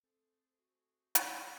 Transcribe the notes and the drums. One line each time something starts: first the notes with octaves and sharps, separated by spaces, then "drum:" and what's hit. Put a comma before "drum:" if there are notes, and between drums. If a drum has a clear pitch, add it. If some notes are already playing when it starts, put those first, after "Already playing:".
A3 C4 G#4 A4 C5
F#4
C2, drum: hi-hat